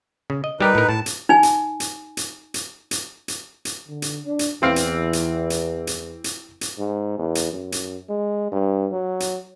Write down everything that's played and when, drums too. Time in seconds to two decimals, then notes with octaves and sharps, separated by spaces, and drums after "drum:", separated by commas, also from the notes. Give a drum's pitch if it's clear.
0.30 C#3
0.44 D#5
0.61 G3 D#4 G4 A#4 B4
0.75 A2 A#4
0.89 A2 A5
1.06 drum: hi-hat
1.29 D#4 G#5
1.43 drum: hi-hat
1.80 drum: hi-hat
2.17 drum: hi-hat
2.54 drum: hi-hat
2.91 drum: hi-hat
3.28 drum: hi-hat
3.65 drum: hi-hat
3.88 D3
4.02 drum: hi-hat
4.25 D4
4.39 drum: hi-hat
4.62 E2 E3 C4 F5
4.76 drum: hi-hat
5.13 drum: hi-hat
5.50 drum: hi-hat
5.87 drum: hi-hat
6.24 drum: hi-hat
6.61 drum: hi-hat
6.78 G#2
7.18 E2
7.35 drum: hi-hat
7.53 F#2
7.72 drum: hi-hat
8.09 G#3
8.52 G2
8.92 F#3
9.20 drum: hi-hat